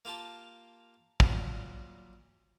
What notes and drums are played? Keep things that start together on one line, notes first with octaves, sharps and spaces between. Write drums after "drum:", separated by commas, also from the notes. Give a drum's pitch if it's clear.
A#3 F4 G4 A5
A#2 F#3 G3, drum: kick